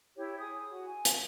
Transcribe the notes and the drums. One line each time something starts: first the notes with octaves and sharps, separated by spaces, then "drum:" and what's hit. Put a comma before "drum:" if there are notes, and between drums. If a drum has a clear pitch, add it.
E4 G4 C#5
G#4 D#6
F#4
G#5
drum: hi-hat